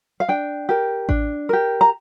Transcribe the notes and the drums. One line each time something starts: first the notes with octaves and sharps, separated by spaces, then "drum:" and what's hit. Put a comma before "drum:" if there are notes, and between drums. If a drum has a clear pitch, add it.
F5
D4 G5
G4 A#4
D4, drum: kick A1
G4 A#4
A#5